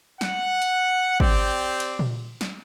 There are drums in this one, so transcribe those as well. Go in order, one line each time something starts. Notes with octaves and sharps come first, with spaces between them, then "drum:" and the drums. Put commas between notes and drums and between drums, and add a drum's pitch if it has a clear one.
F#5, drum: snare
drum: hi-hat
C4 G4 D5, drum: kick
drum: cymbal
drum: tom A#2
drum: snare